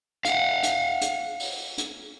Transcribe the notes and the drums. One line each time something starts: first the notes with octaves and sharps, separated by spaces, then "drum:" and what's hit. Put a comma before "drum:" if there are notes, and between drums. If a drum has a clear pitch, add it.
F5 F#5, drum: hi-hat
drum: hi-hat
drum: hi-hat
drum: open hi-hat
drum: hi-hat